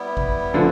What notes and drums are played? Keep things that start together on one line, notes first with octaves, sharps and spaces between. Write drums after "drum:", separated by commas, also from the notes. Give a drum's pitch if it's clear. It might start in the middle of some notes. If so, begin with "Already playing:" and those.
Already playing: G3 B3 E4
drum: kick G#1
D3 F3